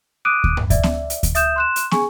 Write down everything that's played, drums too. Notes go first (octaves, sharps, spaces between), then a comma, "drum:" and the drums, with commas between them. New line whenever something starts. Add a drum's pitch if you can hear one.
D6 D#6 F#6 D7 D#7
drum: kick D2
drum: tom G2
D5 E5, drum: kick D2, hi-hat
drum: snare
drum: hi-hat
drum: kick D2, hi-hat
E5 D#6 G6 E7, drum: hi-hat
C6 F#6 E7
drum: hi-hat
G#4 G#5 C#6, drum: snare